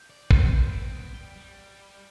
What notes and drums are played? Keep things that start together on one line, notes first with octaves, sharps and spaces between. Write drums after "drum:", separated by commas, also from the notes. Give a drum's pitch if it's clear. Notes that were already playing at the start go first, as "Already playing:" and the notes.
Already playing: G6
D5
C5 G6, drum: kick
E4
C4 D7
B3
G3 G7
G3